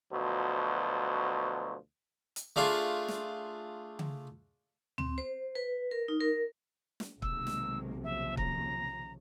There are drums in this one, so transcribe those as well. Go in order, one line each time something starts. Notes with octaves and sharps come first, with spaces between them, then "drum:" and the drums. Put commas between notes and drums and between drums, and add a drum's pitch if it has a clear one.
D2 B2 F3 F#3
drum: hi-hat
A3 D4 F4 G#4
drum: snare
drum: tom C#3
C4, drum: tom D2
C5
B4
A#4
D#4
A#4
drum: snare
B1 C3 D#3 G#3 A#3 E6, drum: kick
drum: snare
D#2 C#3 F3 E5
A#5, drum: kick